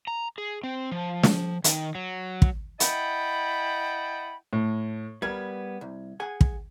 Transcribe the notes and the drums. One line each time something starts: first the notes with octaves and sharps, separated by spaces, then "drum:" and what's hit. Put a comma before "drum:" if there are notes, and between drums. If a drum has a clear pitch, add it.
A#5
G#4
C4
F3
drum: snare
D#3, drum: hi-hat
F#3
drum: kick
E4 D#5 F#5 G5 A5 B5, drum: hi-hat
A2
G3 B3 A#4 G#6
C2
G#4 F#5 G#5
drum: kick